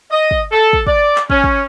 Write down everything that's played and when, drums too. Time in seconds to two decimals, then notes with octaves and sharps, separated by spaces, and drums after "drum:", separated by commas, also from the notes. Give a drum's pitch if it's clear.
0.11 D#5
0.31 drum: kick
0.52 A4
0.73 drum: kick
0.87 D5, drum: kick
1.16 drum: clap
1.30 C#4, drum: kick
1.44 drum: kick